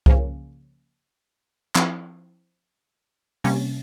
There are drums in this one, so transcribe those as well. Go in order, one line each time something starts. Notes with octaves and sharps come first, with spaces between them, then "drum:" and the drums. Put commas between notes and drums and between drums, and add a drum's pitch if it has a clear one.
C#3 F3 A#3 C#4, drum: kick C2
F3 C4 E4, drum: clap
C3 G3 A#3 C#4, drum: open hi-hat